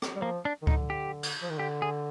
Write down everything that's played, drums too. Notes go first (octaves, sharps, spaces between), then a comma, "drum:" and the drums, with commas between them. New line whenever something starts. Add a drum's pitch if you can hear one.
drum: rim click
G3
F3 A#3
D4
D#3
D3 D#4, drum: kick C#2
G4
drum: cymbal
F3
D#3
D3 G4
G#4